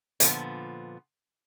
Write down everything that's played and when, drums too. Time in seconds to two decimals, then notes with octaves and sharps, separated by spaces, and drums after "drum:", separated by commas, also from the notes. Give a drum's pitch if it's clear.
0.20 A#2 D3 F3 B3, drum: hi-hat